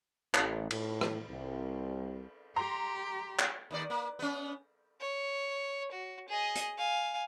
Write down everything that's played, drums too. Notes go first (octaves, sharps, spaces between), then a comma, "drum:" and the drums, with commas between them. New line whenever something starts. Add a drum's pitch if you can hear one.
A1, drum: clap
A2, drum: cymbal
drum: rim click
C2
G4 A#5 C6
drum: clap
D#2 D#3 D5
A#3
B3 C#4
C#5
F#4
G#4 D#5
drum: hi-hat
F5 G#5